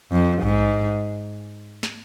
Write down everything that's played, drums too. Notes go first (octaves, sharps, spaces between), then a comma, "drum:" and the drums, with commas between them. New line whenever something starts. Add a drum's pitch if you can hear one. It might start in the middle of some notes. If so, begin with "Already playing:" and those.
F2
G#2, drum: kick A#1
drum: snare